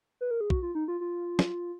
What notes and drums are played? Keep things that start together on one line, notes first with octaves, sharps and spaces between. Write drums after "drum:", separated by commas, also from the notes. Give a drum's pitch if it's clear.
B4
A#4
G#4
F#4, drum: kick
F4
D#4
F4
F4
drum: snare